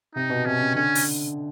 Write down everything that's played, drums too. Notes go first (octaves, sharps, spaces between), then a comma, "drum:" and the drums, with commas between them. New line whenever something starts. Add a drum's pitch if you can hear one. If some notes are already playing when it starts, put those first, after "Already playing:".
C3 D#4
B2
C3 C#4
C#3
D3 C#4
drum: open hi-hat